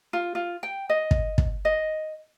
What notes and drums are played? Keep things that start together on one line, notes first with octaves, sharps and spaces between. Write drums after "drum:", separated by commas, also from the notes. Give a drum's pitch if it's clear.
F4
F4
G5
D#5
drum: kick
drum: kick
D#5